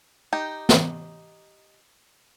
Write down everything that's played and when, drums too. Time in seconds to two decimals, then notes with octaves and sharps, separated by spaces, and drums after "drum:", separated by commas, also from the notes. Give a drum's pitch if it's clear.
0.33 D#4 G4
0.69 drum: snare